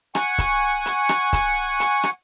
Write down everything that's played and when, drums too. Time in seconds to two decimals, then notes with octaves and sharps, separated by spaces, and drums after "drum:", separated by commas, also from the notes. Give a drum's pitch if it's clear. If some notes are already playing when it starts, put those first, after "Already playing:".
0.15 F#5 G#5 C#6, drum: rim click
0.38 drum: kick C#1, hi-hat
0.86 drum: hi-hat
1.09 drum: rim click
1.33 drum: kick C#1, hi-hat
1.80 drum: hi-hat
2.03 drum: rim click